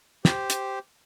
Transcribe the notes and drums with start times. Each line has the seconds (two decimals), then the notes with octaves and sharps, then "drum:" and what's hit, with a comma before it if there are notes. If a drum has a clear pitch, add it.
0.25 G4 C5, drum: snare
0.50 drum: hi-hat